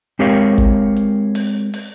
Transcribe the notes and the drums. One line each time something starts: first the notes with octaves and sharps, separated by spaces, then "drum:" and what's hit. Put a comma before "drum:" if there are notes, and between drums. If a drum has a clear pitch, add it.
G#3 C4 G4 A#4 C#5 F5
drum: kick, hi-hat
drum: hi-hat
drum: open hi-hat
drum: open hi-hat